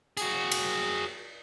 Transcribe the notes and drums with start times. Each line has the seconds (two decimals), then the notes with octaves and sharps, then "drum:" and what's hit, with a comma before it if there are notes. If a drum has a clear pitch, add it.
0.17 F#4 G#4, drum: hi-hat
0.52 drum: cymbal